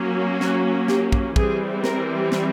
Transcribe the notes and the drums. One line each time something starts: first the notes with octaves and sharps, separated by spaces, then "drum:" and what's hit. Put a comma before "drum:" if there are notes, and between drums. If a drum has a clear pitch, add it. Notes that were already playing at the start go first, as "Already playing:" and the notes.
Already playing: F#3 A#3 C#4
F#4, drum: snare
G4, drum: snare
drum: kick
E3 G3 C4 G#4, drum: kick
A#4, drum: snare
drum: snare